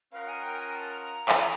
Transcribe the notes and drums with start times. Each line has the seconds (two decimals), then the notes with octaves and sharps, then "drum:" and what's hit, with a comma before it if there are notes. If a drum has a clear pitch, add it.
0.12 C#4 F4 A#4 D#5 F5 F#5
0.28 G#5
0.43 G5
0.59 G#5
0.75 A5
0.91 A#5
1.29 drum: clap